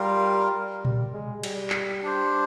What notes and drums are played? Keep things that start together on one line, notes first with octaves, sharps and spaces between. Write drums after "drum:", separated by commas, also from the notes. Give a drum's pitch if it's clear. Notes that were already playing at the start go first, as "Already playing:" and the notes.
Already playing: G3 F4 A#4 F5
G3, drum: tom A#2
G#3
G3, drum: cymbal
drum: clap
D4 G4 C5